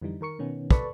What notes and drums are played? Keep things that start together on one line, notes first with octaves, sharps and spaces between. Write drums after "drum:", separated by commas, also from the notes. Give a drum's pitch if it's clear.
F2 D3 E3 G3 D#4
D#3 A#4 C#6 C#7
B2 D#3 B3 C#4
A4 B4 D5 A5 B5 C#6, drum: kick